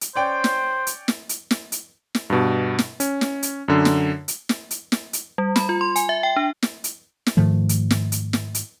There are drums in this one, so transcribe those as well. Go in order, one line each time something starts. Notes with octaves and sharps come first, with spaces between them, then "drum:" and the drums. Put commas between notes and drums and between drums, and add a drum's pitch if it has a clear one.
drum: hi-hat
C#4 C5 D5 G5
drum: snare
drum: hi-hat
drum: snare
drum: hi-hat
drum: snare
drum: hi-hat
drum: snare
G2 B2
drum: snare
C#4, drum: hi-hat
drum: snare
drum: hi-hat
F#2 D3
drum: snare
drum: hi-hat
drum: snare
drum: hi-hat
drum: snare
drum: hi-hat
G3
B5, drum: snare
F4
C6
G#5, drum: hi-hat
E5
G5
D4
drum: snare
drum: hi-hat
drum: snare
G#2 D#3 F3 A3
drum: hi-hat
drum: snare
drum: hi-hat
drum: snare
drum: hi-hat